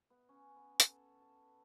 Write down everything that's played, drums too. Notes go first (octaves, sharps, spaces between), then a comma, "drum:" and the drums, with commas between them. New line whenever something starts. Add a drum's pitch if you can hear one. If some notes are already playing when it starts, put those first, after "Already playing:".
B3
C#4
B3
A4, drum: hi-hat
A5